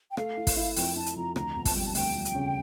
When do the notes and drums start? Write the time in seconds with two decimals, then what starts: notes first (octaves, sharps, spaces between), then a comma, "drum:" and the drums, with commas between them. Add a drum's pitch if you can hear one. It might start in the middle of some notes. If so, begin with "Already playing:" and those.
0.11 G5
0.17 A3 F5, drum: rim click
0.37 E4
0.47 drum: kick, open hi-hat
0.57 E4
0.76 F2 G5, drum: open hi-hat
0.96 E4 A5
1.06 drum: hi-hat
1.16 F2 A#5
1.36 D2 A#5, drum: rim click
1.56 E1
1.65 A5, drum: kick, open hi-hat
1.75 G3 G5
1.85 A5
1.95 D2 G5, drum: open hi-hat
2.15 G3
2.25 drum: hi-hat
2.35 C#3